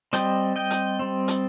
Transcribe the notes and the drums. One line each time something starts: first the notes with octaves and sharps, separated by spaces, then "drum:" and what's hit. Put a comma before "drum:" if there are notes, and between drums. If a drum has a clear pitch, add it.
G3 C4 D#5 G5, drum: hi-hat
D#5 G5
drum: hi-hat
G3 C4
drum: hi-hat